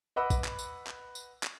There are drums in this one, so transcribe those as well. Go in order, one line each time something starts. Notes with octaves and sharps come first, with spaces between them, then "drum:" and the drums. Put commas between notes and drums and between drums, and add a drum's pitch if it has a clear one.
B4 D#5 F#5 B5 D6 E6
drum: kick, tambourine
drum: clap
drum: tambourine
drum: clap
drum: tambourine
drum: clap